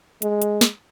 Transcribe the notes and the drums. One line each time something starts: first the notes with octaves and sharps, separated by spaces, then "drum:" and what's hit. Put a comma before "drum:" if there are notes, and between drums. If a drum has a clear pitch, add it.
G#3, drum: hi-hat
drum: hi-hat
drum: snare